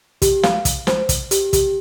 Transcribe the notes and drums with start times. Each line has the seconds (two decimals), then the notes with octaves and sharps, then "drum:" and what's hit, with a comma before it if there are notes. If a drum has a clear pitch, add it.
0.22 G4, drum: kick, hi-hat
0.43 F5, drum: snare
0.65 drum: kick, hi-hat
0.87 C5, drum: snare
1.09 drum: kick, hi-hat
1.31 G4, drum: hi-hat
1.53 G4, drum: kick, hi-hat